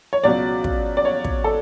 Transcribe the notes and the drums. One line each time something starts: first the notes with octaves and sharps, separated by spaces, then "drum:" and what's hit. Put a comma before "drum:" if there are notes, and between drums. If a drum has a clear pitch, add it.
C#5
C#2 B2 F#3 D5
drum: kick
D5
C#5
drum: kick
A4